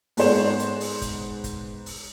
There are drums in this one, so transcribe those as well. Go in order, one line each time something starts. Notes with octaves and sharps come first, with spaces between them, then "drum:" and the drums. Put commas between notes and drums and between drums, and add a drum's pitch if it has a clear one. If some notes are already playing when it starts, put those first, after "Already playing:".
G#2 B3 G#4 C5 C#5 E7, drum: open hi-hat
drum: hi-hat
drum: open hi-hat
drum: kick, hi-hat
drum: kick, hi-hat
drum: open hi-hat